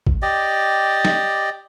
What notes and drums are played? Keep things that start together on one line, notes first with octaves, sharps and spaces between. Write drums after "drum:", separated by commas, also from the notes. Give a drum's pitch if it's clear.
drum: kick
G4 D5 D#5
drum: snare